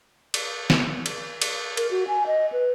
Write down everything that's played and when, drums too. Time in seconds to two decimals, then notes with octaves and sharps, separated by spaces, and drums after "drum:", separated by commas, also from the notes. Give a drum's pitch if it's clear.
0.34 drum: cymbal
0.70 drum: snare
1.06 drum: cymbal
1.42 drum: cymbal
1.77 A#4, drum: cymbal
1.91 F#4
2.08 G#5
2.27 D#5
2.52 B4